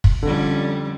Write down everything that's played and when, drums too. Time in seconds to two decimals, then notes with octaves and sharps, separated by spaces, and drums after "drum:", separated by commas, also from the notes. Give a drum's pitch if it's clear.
0.04 drum: kick
0.23 F2 D3 G3 C#4